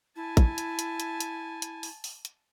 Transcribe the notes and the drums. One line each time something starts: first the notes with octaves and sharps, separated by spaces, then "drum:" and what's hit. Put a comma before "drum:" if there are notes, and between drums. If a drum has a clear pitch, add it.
E4 G#5 A5
drum: kick, hi-hat
drum: hi-hat
drum: hi-hat
drum: hi-hat
drum: hi-hat
drum: hi-hat
drum: open hi-hat
drum: open hi-hat
drum: hi-hat